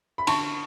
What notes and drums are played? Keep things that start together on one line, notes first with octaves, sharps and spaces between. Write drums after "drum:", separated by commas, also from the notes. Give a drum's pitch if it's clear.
B5
D3 A5 C#6, drum: cymbal